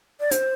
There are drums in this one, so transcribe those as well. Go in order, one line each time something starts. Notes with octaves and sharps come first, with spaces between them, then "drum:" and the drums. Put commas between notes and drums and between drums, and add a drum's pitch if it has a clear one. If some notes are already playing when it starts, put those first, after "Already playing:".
D5
C5, drum: hi-hat